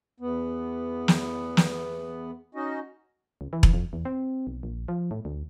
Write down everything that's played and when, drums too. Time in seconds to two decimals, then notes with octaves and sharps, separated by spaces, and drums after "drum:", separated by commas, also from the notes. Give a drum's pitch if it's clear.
0.20 E2 B3
1.08 drum: snare
1.57 drum: snare
2.55 C#4 D#4 F#4 D#5
3.41 C#2
3.53 E3
3.63 drum: kick E1
3.74 F2
3.93 E2
4.05 C4
4.47 B1
4.63 A#1
4.88 F3
5.11 A2
5.25 D2